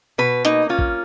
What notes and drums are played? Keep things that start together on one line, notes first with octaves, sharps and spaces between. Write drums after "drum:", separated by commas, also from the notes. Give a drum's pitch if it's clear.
B2 B4
A#3 D#4, drum: hi-hat
C#4 F4
drum: kick